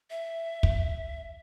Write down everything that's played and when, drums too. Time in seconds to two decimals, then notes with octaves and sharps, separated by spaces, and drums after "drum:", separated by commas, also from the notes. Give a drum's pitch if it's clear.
0.10 E5
0.63 drum: kick